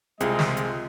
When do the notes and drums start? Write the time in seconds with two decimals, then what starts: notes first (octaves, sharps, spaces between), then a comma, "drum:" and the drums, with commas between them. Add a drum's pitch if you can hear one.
0.20 C2 G#3 C4 F4 G#4 D#5, drum: hi-hat
0.39 drum: snare
0.57 drum: hi-hat